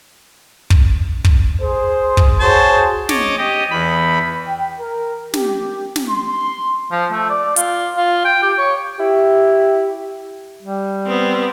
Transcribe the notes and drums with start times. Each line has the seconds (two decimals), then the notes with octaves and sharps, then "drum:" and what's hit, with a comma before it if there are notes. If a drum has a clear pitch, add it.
0.70 drum: kick
1.24 drum: kick
1.60 G#4 C5
2.17 drum: kick
2.39 F#4 G#4 C5 C#5 A5
3.09 C#5 D#5 D6 A6, drum: snare
3.38 G4 D#5
3.71 E2 B5
4.47 G5
4.80 A#4
5.34 G4, drum: snare
5.96 drum: snare
6.10 C6
6.92 F3
7.12 A3
7.30 D5
7.56 F4, drum: hi-hat
7.96 F4
8.25 G5
8.42 G4
8.58 C#5
9.00 E4 G4
10.62 G3
11.07 B3 C4